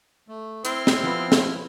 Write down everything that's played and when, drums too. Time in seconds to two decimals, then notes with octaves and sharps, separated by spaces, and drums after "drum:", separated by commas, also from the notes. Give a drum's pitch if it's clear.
0.28 A3
0.65 C4 E4 F6, drum: hi-hat
0.87 drum: snare
1.03 F3 B3 B5
1.32 drum: snare